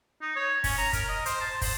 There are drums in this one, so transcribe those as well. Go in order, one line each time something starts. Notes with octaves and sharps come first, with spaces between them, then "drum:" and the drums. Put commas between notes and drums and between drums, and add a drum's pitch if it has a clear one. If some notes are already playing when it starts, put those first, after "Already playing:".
D#4
C#5
C#4, drum: kick, open hi-hat
A#5
A#4, drum: kick, hi-hat
D#5
C5, drum: hi-hat
A5
C5, drum: kick, open hi-hat